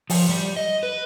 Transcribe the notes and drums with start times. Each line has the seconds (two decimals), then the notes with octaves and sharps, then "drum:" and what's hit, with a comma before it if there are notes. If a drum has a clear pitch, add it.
0.10 F3, drum: open hi-hat
0.29 G3
0.57 D#5
0.83 B4